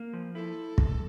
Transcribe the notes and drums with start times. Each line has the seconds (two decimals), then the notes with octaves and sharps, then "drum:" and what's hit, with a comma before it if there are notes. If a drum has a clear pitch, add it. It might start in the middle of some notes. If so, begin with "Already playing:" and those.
Already playing: A#3
0.13 F3
0.35 E4 A4
0.78 drum: kick